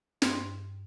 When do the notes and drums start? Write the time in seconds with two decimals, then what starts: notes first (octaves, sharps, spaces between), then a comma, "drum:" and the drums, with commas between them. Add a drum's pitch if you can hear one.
0.22 G2 C6, drum: snare